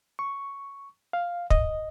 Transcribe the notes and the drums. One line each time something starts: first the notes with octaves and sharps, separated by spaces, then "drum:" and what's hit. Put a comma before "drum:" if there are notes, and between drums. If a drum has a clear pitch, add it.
C#6
F5
D#5, drum: kick